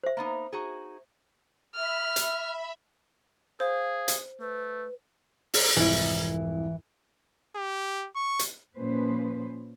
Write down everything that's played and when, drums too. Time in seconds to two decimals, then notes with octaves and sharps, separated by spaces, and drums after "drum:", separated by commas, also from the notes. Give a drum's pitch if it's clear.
0.04 C5 E5
0.17 A#3 B3 D#4
0.53 D#4 F#4 G#4
1.76 E5 B5 F6
2.16 drum: hi-hat
3.60 G#4 C5 F5
4.08 drum: hi-hat
4.41 A3 B4
5.54 drum: open hi-hat
5.77 C2 F2 G#2 E3 E4
7.56 G4
8.15 C#6
8.39 drum: hi-hat
8.76 A#2 F3 C#4 B4 C5